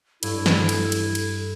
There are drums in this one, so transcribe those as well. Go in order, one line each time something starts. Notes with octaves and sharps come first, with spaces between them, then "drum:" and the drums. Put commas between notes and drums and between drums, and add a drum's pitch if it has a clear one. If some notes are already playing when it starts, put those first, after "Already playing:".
G2 E4 A4, drum: cymbal
drum: snare
drum: cymbal
drum: cymbal
drum: cymbal